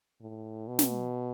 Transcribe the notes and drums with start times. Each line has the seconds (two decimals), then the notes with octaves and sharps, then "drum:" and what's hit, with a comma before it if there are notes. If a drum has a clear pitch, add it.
0.21 A2
0.68 B2
0.79 drum: snare